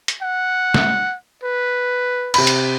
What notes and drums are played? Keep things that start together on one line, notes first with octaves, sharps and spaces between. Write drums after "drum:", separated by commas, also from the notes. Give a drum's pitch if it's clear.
drum: hi-hat
F#5
drum: snare
B4
C3 B5, drum: cymbal
drum: hi-hat